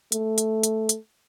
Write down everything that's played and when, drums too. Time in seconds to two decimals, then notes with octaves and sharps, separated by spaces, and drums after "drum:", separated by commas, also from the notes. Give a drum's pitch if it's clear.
0.12 A3, drum: hi-hat
0.38 drum: hi-hat
0.63 drum: hi-hat
0.89 drum: hi-hat